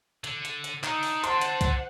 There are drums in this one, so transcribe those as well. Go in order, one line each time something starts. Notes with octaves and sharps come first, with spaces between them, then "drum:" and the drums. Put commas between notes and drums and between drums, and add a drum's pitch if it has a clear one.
D3, drum: hi-hat
drum: hi-hat
drum: hi-hat
D4 D#4 A4, drum: clap
drum: open hi-hat
C5 F#5 A5 C6, drum: hi-hat
drum: hi-hat
drum: kick, hi-hat